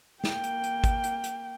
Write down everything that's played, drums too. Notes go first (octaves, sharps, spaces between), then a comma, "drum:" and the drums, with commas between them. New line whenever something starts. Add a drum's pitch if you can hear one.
A#3 G5, drum: snare
drum: hi-hat
drum: hi-hat
drum: kick G#1, hi-hat
drum: hi-hat
drum: hi-hat